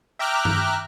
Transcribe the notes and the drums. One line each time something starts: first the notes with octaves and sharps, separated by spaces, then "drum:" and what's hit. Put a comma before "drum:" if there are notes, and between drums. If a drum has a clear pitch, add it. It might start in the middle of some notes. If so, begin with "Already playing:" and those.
E5 G5 A#5 D6 F6 F#6
drum: tom G2